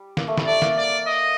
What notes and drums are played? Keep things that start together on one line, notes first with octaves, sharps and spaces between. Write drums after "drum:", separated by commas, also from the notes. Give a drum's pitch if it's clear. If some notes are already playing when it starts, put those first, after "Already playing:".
Already playing: G3
A#3, drum: snare
A3
G3, drum: snare
A3 D5
A#3, drum: snare
D5
D#5